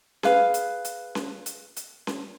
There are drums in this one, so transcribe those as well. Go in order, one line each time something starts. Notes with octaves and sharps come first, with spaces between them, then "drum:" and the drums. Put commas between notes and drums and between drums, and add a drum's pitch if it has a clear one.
G#4 B4 F5, drum: snare C#4
drum: hi-hat
drum: hi-hat
drum: snare C#4
drum: hi-hat
drum: hi-hat
drum: snare C#4